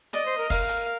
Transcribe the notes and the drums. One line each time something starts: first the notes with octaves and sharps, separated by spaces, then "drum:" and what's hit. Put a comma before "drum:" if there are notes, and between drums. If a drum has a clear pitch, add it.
D5 D#5, drum: hi-hat
C5
A#4
A#4 F5, drum: kick, open hi-hat
drum: hi-hat